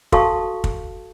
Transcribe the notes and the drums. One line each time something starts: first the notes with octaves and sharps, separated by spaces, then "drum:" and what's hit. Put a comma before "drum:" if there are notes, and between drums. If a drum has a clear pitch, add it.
F#4 A4 F5 A5 C#6 D#6, drum: kick
drum: kick